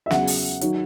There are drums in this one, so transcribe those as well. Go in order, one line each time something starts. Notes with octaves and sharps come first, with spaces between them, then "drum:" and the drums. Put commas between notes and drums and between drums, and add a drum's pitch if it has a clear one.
E5
E2 C#3 F#3 F#5, drum: snare
drum: open hi-hat
D#3 F#3, drum: hi-hat